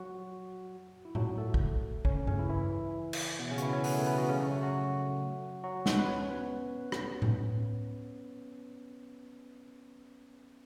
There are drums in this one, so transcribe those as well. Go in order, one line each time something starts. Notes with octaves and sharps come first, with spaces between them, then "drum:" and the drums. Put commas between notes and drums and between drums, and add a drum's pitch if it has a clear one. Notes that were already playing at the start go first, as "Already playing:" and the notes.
Already playing: F#3 F#4
E4
F#3 F#4, drum: tom A2
A3 A4
drum: kick
C#4 C#5, drum: kick
C#3 C#4, drum: tom G2
E3 E4
E3 E4
drum: cymbal
B2 B3
C#3 C#4
F#4, drum: hi-hat
E3 E4
C#4 C#5
B3 B4, drum: open hi-hat
A3 A4
B3 B4
F#3 F#4
C#3 C#4
A3 A4
F#3 F#4
F#3 F#4
F#3 F#4
B3 B4, drum: snare
B4
C#4 C#5
B3 B4
drum: rim click
drum: tom A2